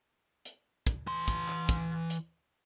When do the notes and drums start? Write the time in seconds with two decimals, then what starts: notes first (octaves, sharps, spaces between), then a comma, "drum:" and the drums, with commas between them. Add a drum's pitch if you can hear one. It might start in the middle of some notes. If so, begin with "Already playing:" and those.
0.45 drum: hi-hat
0.87 drum: kick, hi-hat
1.07 E3 C6
1.28 drum: kick, hi-hat
1.48 drum: clap
1.69 drum: kick, hi-hat
2.10 drum: hi-hat